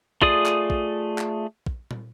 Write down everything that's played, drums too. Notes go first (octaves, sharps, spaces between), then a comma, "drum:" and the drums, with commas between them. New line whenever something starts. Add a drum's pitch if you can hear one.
A3 F4 G#4 D5 D#6, drum: kick
drum: clap
drum: kick
drum: clap
drum: kick
drum: tom